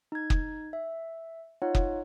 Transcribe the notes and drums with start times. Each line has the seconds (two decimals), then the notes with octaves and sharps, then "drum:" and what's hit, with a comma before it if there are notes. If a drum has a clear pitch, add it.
0.12 D#4 G#6
0.30 drum: kick
0.73 E5
1.62 D#4 F4 C#5 F#5
1.75 drum: kick